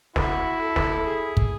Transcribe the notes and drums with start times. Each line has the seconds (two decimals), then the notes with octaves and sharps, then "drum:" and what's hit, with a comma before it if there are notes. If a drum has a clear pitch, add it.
0.16 E4 F#4, drum: snare
0.61 A4
0.76 drum: snare
1.07 G#4
1.37 drum: kick